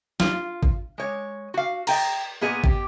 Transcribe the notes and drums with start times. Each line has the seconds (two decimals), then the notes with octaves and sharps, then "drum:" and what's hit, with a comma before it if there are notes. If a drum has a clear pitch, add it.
0.20 F4, drum: snare
0.63 drum: kick
0.98 G#3 C#5
1.54 F#4 F5
1.87 D#5 G5 A#5, drum: cymbal
2.41 A#2 B3 G#4 D#5
2.64 G4, drum: kick